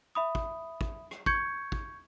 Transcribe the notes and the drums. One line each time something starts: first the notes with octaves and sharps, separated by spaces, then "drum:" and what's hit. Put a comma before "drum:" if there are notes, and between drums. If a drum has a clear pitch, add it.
E5 B5 D#6
drum: kick
drum: kick
drum: rim click
C#6 G6 G#6 C#7, drum: kick
drum: kick